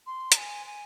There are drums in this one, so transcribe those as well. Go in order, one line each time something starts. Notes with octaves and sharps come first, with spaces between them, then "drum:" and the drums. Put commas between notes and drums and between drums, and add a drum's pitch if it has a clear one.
C6
A#5, drum: hi-hat
G#5
G#5